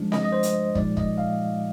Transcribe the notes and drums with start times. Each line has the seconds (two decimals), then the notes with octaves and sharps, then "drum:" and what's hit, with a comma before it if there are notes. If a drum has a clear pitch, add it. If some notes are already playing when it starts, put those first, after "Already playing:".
Already playing: F3 G#3 D4
0.12 D#5, drum: snare C4
0.23 D#5
0.32 C5
0.43 drum: hi-hat
0.75 A#2 F3 G#3 D#4 D5, drum: kick
0.97 D#5, drum: kick
1.18 F5